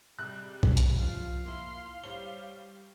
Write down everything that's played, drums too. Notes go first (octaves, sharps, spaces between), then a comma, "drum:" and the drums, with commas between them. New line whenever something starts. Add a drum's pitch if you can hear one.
C3 G3 G#3 F#6
drum: kick B1
drum: hi-hat
F3 F4 F5
A#3 E4 C6
G3 C5 C#5 G7